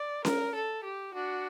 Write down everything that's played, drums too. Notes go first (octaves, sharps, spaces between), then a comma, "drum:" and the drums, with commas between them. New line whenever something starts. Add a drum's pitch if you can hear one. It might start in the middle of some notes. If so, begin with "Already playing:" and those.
Already playing: D5
A#4, drum: snare C#4
A4
G4
D4 F#4